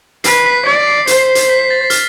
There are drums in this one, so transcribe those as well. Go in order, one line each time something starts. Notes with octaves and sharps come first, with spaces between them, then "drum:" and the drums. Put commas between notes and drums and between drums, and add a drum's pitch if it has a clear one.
B4 C7, drum: hi-hat
B6
D5
C7
C5 C7, drum: hi-hat
drum: hi-hat
B6
A6
F6, drum: hi-hat